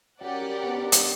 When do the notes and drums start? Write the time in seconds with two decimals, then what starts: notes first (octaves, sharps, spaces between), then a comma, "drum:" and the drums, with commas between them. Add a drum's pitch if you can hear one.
0.21 F#3 C#4 G4 A#4 D5 F#5
0.42 G3
0.63 B3
0.78 D4
0.92 D4, drum: hi-hat